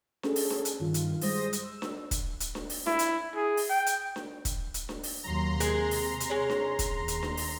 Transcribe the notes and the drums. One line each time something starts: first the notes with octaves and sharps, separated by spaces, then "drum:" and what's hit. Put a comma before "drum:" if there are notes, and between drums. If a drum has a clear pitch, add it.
C#4 G#4 A4, drum: snare D4
drum: open hi-hat
drum: snare D4
drum: hi-hat
G2 D#3 F4
drum: hi-hat
G3 G#3 C5 D#6 A#6, drum: open hi-hat
drum: hi-hat
E6
drum: snare D4
drum: kick, hi-hat
drum: hi-hat
drum: snare D4
drum: open hi-hat
E4, drum: snare D4
drum: hi-hat
G#4
drum: open hi-hat
G5
drum: hi-hat
drum: snare D4
drum: kick, hi-hat
drum: hi-hat
drum: snare D4
drum: open hi-hat
D#2 F#3 A#5 C6
C3 G#3 G#4 A#4, drum: hi-hat
drum: open hi-hat
drum: hi-hat
G#3 C#4
drum: snare D4
drum: kick, hi-hat
D#2
drum: hi-hat
drum: snare D4
drum: open hi-hat